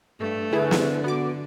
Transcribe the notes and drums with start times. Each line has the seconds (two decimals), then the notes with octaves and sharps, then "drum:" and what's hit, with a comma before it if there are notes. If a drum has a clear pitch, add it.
0.20 G2 A3
0.53 D3 E4 G#4 B4
0.71 drum: snare
1.04 B3 F#4 D6